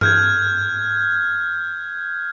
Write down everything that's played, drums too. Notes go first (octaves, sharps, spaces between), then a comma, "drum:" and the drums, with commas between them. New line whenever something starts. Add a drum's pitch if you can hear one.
F6 G6 G#6, drum: tom G2